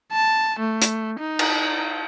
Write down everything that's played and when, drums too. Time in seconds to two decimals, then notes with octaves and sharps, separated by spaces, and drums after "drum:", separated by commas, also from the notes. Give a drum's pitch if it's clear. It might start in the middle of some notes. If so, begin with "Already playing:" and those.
0.12 A5
0.59 A3
0.82 drum: hi-hat
1.19 D#4
1.39 drum: cymbal